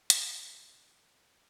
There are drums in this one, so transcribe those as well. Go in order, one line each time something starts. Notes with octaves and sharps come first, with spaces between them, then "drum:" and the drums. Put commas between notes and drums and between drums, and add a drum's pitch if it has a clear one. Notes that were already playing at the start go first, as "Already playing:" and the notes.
D5, drum: hi-hat
G4 D#5
A#4 D5
G4
A#4 D5